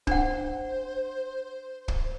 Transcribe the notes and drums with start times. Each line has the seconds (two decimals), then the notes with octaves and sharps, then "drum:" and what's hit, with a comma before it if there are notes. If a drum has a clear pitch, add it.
0.07 D4 C5 F#5, drum: kick
1.88 drum: kick